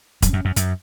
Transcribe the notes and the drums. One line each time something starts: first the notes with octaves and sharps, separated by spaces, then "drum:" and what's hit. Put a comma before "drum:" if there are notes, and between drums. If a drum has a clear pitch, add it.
F#2, drum: kick, hi-hat
F#2
F#2
F#2, drum: hi-hat